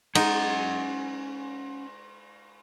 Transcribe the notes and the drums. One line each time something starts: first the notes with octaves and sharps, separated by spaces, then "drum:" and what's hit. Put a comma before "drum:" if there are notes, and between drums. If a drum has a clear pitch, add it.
G#3 C#4 D#4 F#5, drum: cymbal